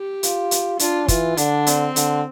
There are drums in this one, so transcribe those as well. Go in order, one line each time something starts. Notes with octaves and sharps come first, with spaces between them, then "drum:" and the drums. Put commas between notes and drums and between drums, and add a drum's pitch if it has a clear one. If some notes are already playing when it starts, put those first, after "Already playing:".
Already playing: G4
F4, drum: hi-hat
drum: hi-hat
D4 F4, drum: hi-hat
E3 F4, drum: kick, hi-hat
D3 D4, drum: hi-hat
C4, drum: hi-hat
D3, drum: hi-hat